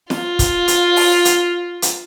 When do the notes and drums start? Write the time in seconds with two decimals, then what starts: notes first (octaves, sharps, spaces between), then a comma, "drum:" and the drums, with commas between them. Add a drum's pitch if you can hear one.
0.10 F4, drum: snare
0.39 drum: kick, hi-hat
0.68 drum: hi-hat
0.96 drum: open hi-hat
1.25 drum: hi-hat
1.82 drum: hi-hat